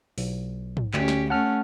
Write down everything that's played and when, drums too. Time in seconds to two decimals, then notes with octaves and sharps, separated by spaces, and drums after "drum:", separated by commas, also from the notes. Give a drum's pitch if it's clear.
0.18 B1, drum: open hi-hat
0.77 drum: tom
0.94 D2 C#4 G4, drum: clap
1.08 drum: snare
1.30 A3 C#4 F#5 A5 F6